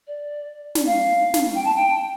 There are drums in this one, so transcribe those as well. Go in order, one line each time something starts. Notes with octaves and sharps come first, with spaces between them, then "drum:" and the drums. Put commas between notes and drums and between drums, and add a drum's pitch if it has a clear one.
D5
D5, drum: snare
F5
drum: snare
G5
A5
G5